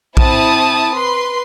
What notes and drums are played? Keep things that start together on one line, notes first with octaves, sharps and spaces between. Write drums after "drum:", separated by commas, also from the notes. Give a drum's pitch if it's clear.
C4 E4 A5 D#6, drum: kick A#1
B4 C6